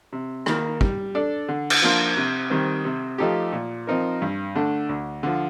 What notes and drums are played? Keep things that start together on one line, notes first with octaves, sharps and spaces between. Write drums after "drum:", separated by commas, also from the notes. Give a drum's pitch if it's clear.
C3
D#3 A#3, drum: rim click
G3, drum: kick
D4 A4 D5
D3
drum: cymbal
F3 A#3 D4 F4
C3
D#3 G3 C4
C3
F3 A3 D#4 G4
A#2
F3 C4 D#4 A#4
G2
D3 A3 D4
D2
D3 F3